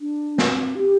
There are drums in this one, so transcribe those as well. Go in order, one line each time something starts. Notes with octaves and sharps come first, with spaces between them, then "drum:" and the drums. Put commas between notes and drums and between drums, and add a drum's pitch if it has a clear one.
D4
C4, drum: snare
G4